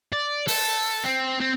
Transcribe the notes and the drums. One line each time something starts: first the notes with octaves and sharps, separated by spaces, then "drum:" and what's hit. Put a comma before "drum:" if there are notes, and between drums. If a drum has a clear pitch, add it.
D5
A4, drum: open hi-hat
C4
C4